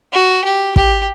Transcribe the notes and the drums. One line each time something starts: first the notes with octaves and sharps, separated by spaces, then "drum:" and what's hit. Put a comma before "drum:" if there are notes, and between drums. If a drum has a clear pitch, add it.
F#4
G4
G4, drum: kick